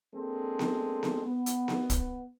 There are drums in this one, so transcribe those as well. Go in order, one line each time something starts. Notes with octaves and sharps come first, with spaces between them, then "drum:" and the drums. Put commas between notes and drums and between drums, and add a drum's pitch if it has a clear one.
G#3 A#3 C4 D4 A4
drum: snare B3
drum: snare B3
B3
drum: hi-hat
drum: snare B3
drum: kick, hi-hat